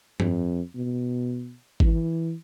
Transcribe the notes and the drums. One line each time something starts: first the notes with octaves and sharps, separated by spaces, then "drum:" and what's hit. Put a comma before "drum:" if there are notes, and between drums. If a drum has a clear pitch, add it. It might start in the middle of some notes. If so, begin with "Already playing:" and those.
F2, drum: tom G2
B2
E3, drum: kick G#1